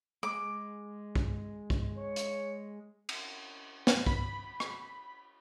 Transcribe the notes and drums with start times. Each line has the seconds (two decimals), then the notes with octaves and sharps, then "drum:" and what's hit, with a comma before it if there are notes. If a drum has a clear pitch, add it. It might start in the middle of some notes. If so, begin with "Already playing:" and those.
0.23 G#3 D6
1.15 drum: kick
1.70 drum: kick
1.98 C#5
2.16 drum: hi-hat
3.09 drum: cymbal
3.87 drum: snare
4.06 B5, drum: kick
4.60 drum: rim click